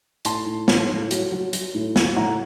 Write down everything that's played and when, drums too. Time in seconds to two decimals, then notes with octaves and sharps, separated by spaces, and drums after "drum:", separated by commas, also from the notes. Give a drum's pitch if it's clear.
0.25 A2 A5 C6, drum: hi-hat
0.46 A2
0.68 A2, drum: snare
0.89 A2
1.11 F#3, drum: hi-hat
1.32 F#3
1.53 F#3, drum: hi-hat
1.75 A2
1.96 F#3, drum: snare
2.16 A2 F#5 A#5